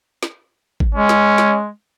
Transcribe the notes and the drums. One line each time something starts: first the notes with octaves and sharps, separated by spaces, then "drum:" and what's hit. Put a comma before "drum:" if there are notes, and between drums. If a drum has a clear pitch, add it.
drum: snare
drum: kick G#1
G#3 C#4
drum: snare
drum: snare